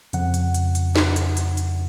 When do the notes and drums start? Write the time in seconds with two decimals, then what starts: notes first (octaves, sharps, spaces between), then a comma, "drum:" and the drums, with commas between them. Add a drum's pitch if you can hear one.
0.13 F2 C#3 F3 F#5, drum: hi-hat
0.34 drum: hi-hat
0.54 drum: hi-hat
0.75 drum: hi-hat
0.96 drum: snare
1.16 drum: hi-hat
1.37 drum: hi-hat
1.57 drum: hi-hat